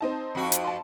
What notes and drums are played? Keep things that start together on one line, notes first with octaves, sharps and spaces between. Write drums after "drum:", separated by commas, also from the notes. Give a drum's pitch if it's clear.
C4 D#4 A5
F2 F#4
drum: hi-hat
A5 C6